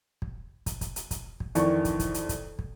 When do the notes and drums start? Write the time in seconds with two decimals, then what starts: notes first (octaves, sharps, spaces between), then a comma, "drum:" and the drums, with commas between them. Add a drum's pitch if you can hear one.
0.22 drum: kick
0.66 drum: kick, hi-hat
0.81 drum: kick, hi-hat
0.96 drum: hi-hat
1.11 drum: kick, hi-hat
1.40 drum: kick
1.55 F2 D#3 E3 D5 C#6, drum: hi-hat
1.85 drum: kick, hi-hat
2.00 drum: kick, hi-hat
2.14 drum: hi-hat
2.29 drum: kick, hi-hat
2.59 drum: kick